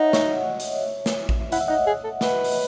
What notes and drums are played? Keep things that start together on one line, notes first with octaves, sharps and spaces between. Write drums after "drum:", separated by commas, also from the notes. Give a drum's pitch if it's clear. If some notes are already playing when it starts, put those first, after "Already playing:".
Already playing: D#4 C#5 D#5 E5 F#5
C#5 E5, drum: snare
drum: hi-hat
drum: snare
drum: kick A1
E4 F#5, drum: hi-hat
E5
D#4 D#5 F#5
G#4
A4
B4, drum: snare
drum: open hi-hat